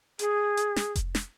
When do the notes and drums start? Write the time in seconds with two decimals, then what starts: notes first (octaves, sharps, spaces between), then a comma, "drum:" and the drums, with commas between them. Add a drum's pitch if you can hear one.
0.19 G#4, drum: hi-hat
0.57 drum: hi-hat
0.76 drum: snare
0.95 drum: kick F1, hi-hat
1.15 drum: snare